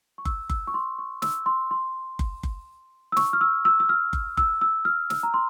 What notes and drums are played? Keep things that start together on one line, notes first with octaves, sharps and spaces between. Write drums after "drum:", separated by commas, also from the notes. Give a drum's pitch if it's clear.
C#6
E6, drum: kick F#1
E6, drum: kick F#1
C#6
C6
C#6
E6, drum: snare
C6
C6
drum: kick F#1
drum: kick F#1
E6
C#6, drum: snare
F6
E6
E6
E6
F6
drum: kick F#1
E6, drum: kick F#1
E6
F6
E6, drum: snare
A#5
C6